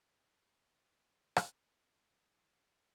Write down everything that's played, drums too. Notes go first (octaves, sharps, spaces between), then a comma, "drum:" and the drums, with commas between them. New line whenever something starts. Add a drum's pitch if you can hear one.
C5 D#5 F#5
drum: rim click